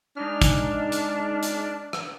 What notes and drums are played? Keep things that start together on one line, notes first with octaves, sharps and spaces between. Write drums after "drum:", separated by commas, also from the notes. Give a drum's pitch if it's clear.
G#3 D4 D#4 F6
drum: kick, hi-hat
drum: hi-hat
drum: hi-hat
drum: rim click